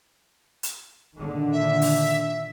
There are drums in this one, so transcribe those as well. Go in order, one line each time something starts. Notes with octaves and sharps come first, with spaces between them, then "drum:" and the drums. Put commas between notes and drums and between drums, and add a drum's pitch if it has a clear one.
drum: hi-hat
A#2 D3 D#3
E5
drum: open hi-hat